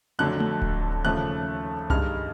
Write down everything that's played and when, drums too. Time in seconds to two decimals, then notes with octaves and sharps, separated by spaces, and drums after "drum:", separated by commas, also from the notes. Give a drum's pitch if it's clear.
0.19 F2 D3 F#3 A3 F#6
0.40 drum: tom A3
0.62 drum: kick D1
1.04 D#2 C#3 F3 A3 F#6
1.90 G2 D#3 G#3 F6, drum: tom C2